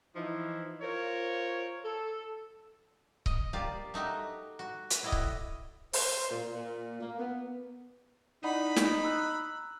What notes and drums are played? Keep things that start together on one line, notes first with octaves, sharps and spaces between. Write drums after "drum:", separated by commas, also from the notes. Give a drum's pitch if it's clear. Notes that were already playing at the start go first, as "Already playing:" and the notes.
E3 F3 D#4 E4
F4 A#4 C5 C#5
A4
D#5, drum: kick C#1
A#3 F4 G4 D5
A3 D#4 F#4 G4
F#4
drum: hi-hat
A2 E4 F#4 D5 D#5
drum: kick C#1
C5, drum: open hi-hat
A#2
A#2
A#3
B3
D#4 E4 D5 F#5 B5
drum: snare
A#5 E6 F#6